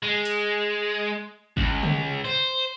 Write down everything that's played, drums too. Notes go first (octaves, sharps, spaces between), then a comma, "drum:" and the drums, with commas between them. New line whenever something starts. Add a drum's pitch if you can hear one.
G#3
drum: hi-hat
C#2, drum: kick
drum: tom
C5